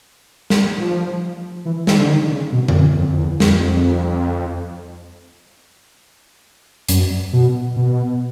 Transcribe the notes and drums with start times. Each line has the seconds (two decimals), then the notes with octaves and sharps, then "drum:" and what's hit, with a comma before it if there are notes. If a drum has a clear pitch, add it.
0.50 drum: snare
0.78 F3
1.65 E3
1.87 D#3, drum: snare
1.99 D3
2.09 D#3
2.31 C#3
2.52 B2
2.68 F2, drum: tom D3
2.75 F#2
2.97 F2
3.12 F2
3.18 E2
3.40 F2, drum: snare
6.88 F#2, drum: hi-hat
7.33 B2
7.76 B2